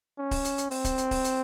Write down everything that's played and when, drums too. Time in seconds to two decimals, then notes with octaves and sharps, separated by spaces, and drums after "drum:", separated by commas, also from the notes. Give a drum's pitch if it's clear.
0.18 C#4
0.31 drum: kick D1, open hi-hat
0.45 drum: hi-hat
0.58 drum: hi-hat
0.71 C4, drum: open hi-hat
0.84 drum: kick D1, hi-hat
0.98 drum: hi-hat
1.11 drum: kick D1, open hi-hat
1.24 drum: hi-hat